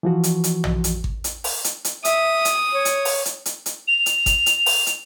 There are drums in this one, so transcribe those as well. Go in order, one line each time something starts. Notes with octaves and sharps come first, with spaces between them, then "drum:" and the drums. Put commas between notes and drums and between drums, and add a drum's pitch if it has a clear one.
E3 F3 F#4
drum: hi-hat
drum: hi-hat
drum: tom A#1
drum: hi-hat
drum: kick G#1
drum: hi-hat
drum: open hi-hat
drum: hi-hat
drum: hi-hat
E5 D#6, drum: hi-hat
drum: hi-hat
C#5
drum: hi-hat
drum: open hi-hat
drum: hi-hat
drum: hi-hat
drum: hi-hat
F7
drum: hi-hat
drum: kick G#1, hi-hat
drum: hi-hat
drum: open hi-hat
drum: hi-hat